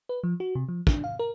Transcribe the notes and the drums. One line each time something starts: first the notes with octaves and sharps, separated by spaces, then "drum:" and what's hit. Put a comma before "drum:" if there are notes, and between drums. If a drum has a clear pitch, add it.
B4
F3
F#4
C3
F3
D4, drum: kick
F5
A#4